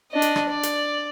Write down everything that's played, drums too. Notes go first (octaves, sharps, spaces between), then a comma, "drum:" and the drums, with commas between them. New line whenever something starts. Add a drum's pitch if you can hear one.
D4 D#5
drum: hi-hat
drum: rim click
D5
drum: hi-hat